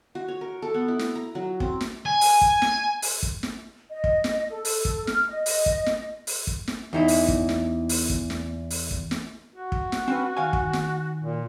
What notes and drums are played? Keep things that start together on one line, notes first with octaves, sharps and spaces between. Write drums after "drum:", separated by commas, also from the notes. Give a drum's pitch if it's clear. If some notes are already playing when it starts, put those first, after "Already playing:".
F#4
C#5
A#4
A4
B3
E4
drum: snare
A#5
F#3
C4, drum: kick
drum: snare
G#5
drum: open hi-hat
drum: kick
drum: snare
drum: open hi-hat
drum: kick
drum: snare
D#5
drum: kick
drum: snare
A4
drum: open hi-hat
drum: kick
F6, drum: snare
D#5
drum: open hi-hat
drum: kick
drum: snare
drum: open hi-hat
drum: kick
drum: snare
E2 D#4 E4
drum: open hi-hat
drum: kick
drum: snare
drum: open hi-hat
drum: kick
drum: snare
drum: open hi-hat
drum: kick
drum: snare
F#4
drum: kick
drum: snare
C4 C#4 B4
D#3 F5 G#5
drum: kick
drum: snare
A#2